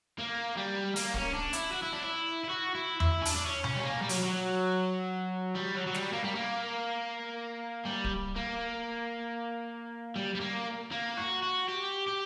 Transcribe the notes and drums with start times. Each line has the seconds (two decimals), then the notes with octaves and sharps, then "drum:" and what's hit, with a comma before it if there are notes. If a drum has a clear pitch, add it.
0.18 A#3
0.57 G3
0.96 A#3, drum: open hi-hat
1.14 C#4, drum: kick D1
1.34 D4
1.53 E4, drum: hi-hat
1.72 F#4
1.82 E4
1.93 D4
2.02 E4
2.44 E4
2.49 F#4
2.75 E4
3.00 E4, drum: tom E2
3.22 C#4
3.25 D4, drum: open hi-hat
3.36 D4
3.45 C#4
3.64 C#4, drum: tom B2
3.76 G3
3.83 A#3
4.02 G3
4.09 F#3, drum: open hi-hat
4.24 F#3
5.55 G3
5.75 F#3
5.87 F#3
5.94 G3, drum: snare
6.13 A#3
6.24 G3
6.35 A#3
7.85 G3
8.04 drum: kick D1
8.36 A#3
10.16 G3
10.35 G3
10.40 A#3
10.92 A#3
11.17 F#4
11.43 F#4
11.68 G4
12.07 G4